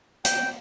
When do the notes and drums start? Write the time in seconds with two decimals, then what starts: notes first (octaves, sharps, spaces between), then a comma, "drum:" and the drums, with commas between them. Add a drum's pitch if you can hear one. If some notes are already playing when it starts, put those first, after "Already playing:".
0.25 G5, drum: hi-hat